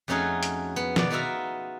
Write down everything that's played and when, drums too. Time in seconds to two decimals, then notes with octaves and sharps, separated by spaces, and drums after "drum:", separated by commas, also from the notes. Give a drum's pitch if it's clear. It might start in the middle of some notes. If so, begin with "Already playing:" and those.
0.08 F2 A3 C#4 D#4 F#4 G#4
0.43 drum: hi-hat
0.76 B3
0.96 B2 D#3 D5, drum: snare
1.10 B3 D#4 F4 F#4 E5 A#5